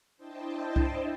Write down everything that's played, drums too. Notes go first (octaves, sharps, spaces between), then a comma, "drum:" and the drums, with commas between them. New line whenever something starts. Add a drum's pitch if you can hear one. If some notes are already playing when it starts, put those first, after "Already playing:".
D4 E4 C5 D#5 G5 A5
drum: kick C2